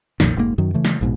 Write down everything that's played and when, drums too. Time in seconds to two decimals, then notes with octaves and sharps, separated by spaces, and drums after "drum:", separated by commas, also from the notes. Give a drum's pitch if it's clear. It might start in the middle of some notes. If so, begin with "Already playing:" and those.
0.20 B1 F2 A#2 D#3, drum: snare
0.36 F1 G#2 C3 A#3
0.58 F#2 D#3 F#3
0.74 C#3 E3 A3
0.85 drum: snare
1.01 A#1 G#2 B2